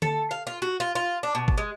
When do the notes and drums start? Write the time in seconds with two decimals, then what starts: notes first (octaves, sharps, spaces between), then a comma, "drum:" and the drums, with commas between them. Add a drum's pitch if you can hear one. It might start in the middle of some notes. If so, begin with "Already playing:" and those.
0.02 A4, drum: tom D3
0.31 F5
0.47 F4
0.62 F#4
0.80 F4
0.95 F4
1.23 D4
1.35 B2
1.48 drum: kick
1.58 G#3